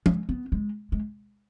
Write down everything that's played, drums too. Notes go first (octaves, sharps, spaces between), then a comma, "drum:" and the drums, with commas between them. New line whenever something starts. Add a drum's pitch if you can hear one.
G#3, drum: tom F3
B3
G#3
G#3